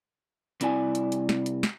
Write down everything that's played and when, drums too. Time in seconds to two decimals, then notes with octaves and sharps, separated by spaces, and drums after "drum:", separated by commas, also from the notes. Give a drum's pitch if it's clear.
0.61 C2 C4 E4 D5 G#5, drum: hi-hat
0.95 drum: hi-hat
1.12 drum: hi-hat
1.29 drum: snare
1.46 drum: hi-hat
1.63 drum: snare